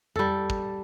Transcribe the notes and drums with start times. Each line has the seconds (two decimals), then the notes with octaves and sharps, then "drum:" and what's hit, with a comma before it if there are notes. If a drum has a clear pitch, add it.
0.16 G3 A4, drum: tom F2
0.50 drum: kick